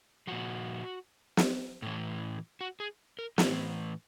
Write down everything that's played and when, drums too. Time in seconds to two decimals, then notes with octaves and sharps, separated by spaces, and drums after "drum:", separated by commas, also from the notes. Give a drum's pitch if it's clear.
0.27 A#2 F3 F#4
1.37 drum: snare
1.82 A2 E3
2.61 F#4
2.80 G#4
3.19 A#4
3.38 A2 E3 F4, drum: snare